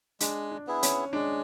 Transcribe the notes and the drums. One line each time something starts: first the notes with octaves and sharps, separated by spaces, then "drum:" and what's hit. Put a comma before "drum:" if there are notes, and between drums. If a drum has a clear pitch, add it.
G#3 D4, drum: hi-hat
D4
B3 E4 G#4
C#4, drum: hi-hat
G#3 D4